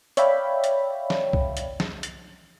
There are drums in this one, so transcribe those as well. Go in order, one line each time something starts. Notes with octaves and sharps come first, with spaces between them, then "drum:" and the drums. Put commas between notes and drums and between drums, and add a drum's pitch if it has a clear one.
C#5 D5 E5 F5 G5 B5, drum: hi-hat
drum: hi-hat
drum: snare
drum: kick C2
drum: hi-hat
drum: snare
drum: hi-hat